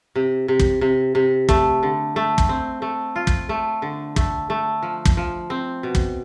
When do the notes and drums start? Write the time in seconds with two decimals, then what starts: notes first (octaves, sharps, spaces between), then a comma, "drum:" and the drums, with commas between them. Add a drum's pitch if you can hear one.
0.15 C3
0.48 C3
0.59 drum: kick
0.81 C3
1.15 C3
1.49 A3, drum: kick
1.83 D3
2.16 A3
2.38 drum: kick
2.49 C4
2.82 A3
3.16 F4
3.27 drum: kick
3.49 A3
3.82 D3
4.16 A3, drum: kick
4.50 A3
4.83 F3
5.05 drum: kick
5.17 F3
5.50 C4
5.83 B2
5.95 drum: kick